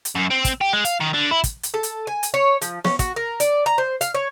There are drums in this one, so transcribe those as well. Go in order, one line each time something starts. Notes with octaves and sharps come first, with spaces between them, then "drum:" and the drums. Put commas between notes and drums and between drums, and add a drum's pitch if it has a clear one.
drum: hi-hat
F#2
C4
drum: kick, hi-hat
G4
G#3
F5, drum: hi-hat
D#3
D3
E4
drum: kick, hi-hat
drum: hi-hat
A4
drum: hi-hat
G#5
drum: hi-hat
C#5
F3, drum: hi-hat
C#4, drum: snare
F#4, drum: kick, hi-hat
A#4
D5, drum: hi-hat
A#5
C5
F5, drum: hi-hat
C#5